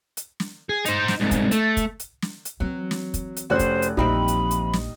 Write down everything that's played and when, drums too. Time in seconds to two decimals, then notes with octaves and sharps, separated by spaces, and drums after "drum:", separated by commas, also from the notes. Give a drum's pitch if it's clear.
0.17 drum: hi-hat
0.40 drum: snare
0.69 G#4
0.85 D#4 C5, drum: hi-hat
1.08 drum: snare
1.20 C2 G#2
1.31 drum: kick, hi-hat
1.51 A3, drum: hi-hat
1.77 drum: kick, hi-hat
2.00 drum: hi-hat
2.22 drum: snare
2.45 drum: hi-hat
2.60 E3 F#3 C4
2.91 drum: snare
3.14 drum: kick, hi-hat
3.36 drum: hi-hat
3.50 F1 C#4 F#4 C5 F#6
3.59 drum: kick, hi-hat
3.82 drum: hi-hat
3.97 A#1 E2 F3 G3 C4 D#4 E4 B5
4.28 drum: hi-hat
4.51 drum: hi-hat
4.73 drum: snare